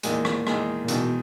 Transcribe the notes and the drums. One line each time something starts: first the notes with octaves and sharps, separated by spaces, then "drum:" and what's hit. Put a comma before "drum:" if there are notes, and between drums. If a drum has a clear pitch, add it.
E2 A#2 D#3 G#3, drum: hi-hat
drum: rim click
E2 D#3 G#3, drum: rim click
A#2
E2 B2 D#3 G#3, drum: hi-hat